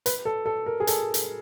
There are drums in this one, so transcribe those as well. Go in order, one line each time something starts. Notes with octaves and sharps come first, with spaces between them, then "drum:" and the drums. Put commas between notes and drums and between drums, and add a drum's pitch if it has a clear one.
B4, drum: hi-hat
A4
A4
A#4
G#4
A4, drum: hi-hat
drum: hi-hat